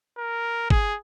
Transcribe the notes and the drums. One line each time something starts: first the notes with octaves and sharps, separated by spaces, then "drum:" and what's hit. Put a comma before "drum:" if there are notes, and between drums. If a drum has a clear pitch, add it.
A#4
G#4, drum: kick